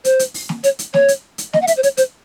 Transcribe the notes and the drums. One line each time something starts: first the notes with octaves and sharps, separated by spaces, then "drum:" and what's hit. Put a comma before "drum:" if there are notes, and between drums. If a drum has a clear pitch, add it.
C5, drum: hi-hat
drum: hi-hat
drum: open hi-hat
drum: snare
C#5, drum: hi-hat
drum: hi-hat
C#5, drum: snare
drum: hi-hat
drum: hi-hat
D#5, drum: snare
F#5
E5, drum: hi-hat
C5
C#5, drum: hi-hat
C5, drum: hi-hat